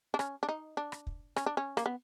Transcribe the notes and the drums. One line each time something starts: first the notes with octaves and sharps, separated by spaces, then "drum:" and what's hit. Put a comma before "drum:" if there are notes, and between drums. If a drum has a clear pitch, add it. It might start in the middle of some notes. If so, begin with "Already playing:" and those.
D4
C#4, drum: rim click
D4
D#4
D4
drum: rim click
drum: kick
C#4, drum: rim click
D4
C#4
A#3, drum: rim click
B3